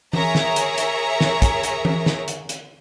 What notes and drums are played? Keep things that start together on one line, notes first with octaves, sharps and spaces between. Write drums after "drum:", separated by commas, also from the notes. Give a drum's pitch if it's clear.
G#4 A#4 C#5 E5 A#5, drum: tom E3
drum: snare
drum: hi-hat
drum: hi-hat
drum: snare
drum: kick, hi-hat
drum: hi-hat
drum: tom E3
drum: snare
drum: hi-hat
drum: hi-hat